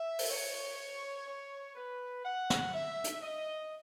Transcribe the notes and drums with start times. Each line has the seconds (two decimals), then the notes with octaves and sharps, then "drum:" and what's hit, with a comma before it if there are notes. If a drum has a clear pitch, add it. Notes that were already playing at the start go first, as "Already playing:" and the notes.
Already playing: E5
0.19 drum: open hi-hat
0.30 C#5
1.26 C#5
1.75 B4
2.24 F#5
2.50 drum: snare
2.72 E5
3.04 drum: hi-hat
3.21 D#5